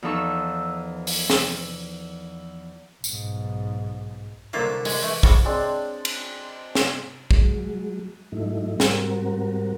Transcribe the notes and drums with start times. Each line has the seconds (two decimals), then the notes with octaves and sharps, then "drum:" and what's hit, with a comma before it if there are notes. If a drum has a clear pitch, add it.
0.02 E2 F3 D#4 A4 C#6 E6
1.07 drum: open hi-hat
1.30 drum: snare
3.04 B1 G#2, drum: tambourine
4.53 C2 D3 F#3 A#3 F4 E5
4.85 G#3, drum: open hi-hat
5.03 E3 A3
5.23 F3 G3 G#3 F#4 A4, drum: kick
5.45 G#3 C4 D4 C6
6.05 drum: cymbal
6.75 drum: snare
7.31 F#3 G#3, drum: kick
8.32 G#2 F#3 A3 D#4 E4
8.80 G#2 G3 C4 F#4 A#4, drum: snare